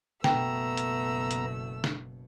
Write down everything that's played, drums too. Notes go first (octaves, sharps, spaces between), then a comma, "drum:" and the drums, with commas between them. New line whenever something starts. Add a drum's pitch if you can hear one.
F#1 B2 A3 B3 G5 A#5 E6, drum: snare
drum: hi-hat
drum: hi-hat
drum: snare